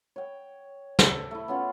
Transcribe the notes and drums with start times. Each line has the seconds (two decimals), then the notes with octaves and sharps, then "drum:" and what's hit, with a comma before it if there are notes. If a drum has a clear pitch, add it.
0.16 C#5 G5
0.99 A4, drum: snare
1.31 A3 E4
1.48 B3 C#4 F4 G#4